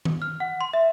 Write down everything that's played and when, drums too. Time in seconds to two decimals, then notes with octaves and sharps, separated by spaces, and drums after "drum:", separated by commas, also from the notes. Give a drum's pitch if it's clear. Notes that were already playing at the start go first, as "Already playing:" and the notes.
0.05 drum: tom D#3
0.22 F6
0.40 F#5
0.61 C6
0.73 E5